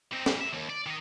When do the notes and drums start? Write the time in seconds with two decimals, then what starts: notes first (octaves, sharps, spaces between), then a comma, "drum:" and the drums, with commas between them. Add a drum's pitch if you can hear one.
0.13 C4 D#4
0.26 F2 G3, drum: snare
0.41 F#2 E5
0.53 D#2
0.70 D5
0.86 D#3 D#5